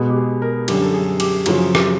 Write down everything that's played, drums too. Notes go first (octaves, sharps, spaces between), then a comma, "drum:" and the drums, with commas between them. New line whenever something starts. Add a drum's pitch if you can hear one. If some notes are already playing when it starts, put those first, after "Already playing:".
Already playing: B2 G#3 B3
G4
G#4
A#4
F#2 D3 G3 G4, drum: cymbal
A4
G#4
G4, drum: cymbal
F#2 C#3 F3 F#4, drum: cymbal
G4, drum: rim click